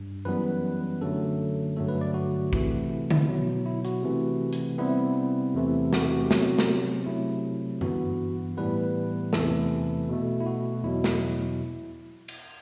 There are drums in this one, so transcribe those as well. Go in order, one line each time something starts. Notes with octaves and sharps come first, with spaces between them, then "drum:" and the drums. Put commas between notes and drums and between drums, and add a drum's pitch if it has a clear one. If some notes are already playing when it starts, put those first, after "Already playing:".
Already playing: G2
F#2 E3 G3 B3 B4
F#2 D3 F#3 A3 A4
G2 D3 F#3 A3 A4
B4
D5
F#4
C3 E3 A3, drum: kick
E4
E4, drum: tom D3
B2 F#3 B3
E4
F#4, drum: hi-hat
C3 E3 A3
drum: hi-hat
C3 G3 B3 E4
E2 C3 E3 A3
F#4, drum: snare
G4
F#4
C3 F#3 B3, drum: snare
drum: snare
C3 F#3 A3 E4
G2 E3 B3 F#4, drum: tom F#2
A2 E3 G3 B3 B4
E2 C3 E3 A3 A4, drum: snare
B2 A3
E4
F#4
E2 B2 F#3 E4
drum: snare
drum: cymbal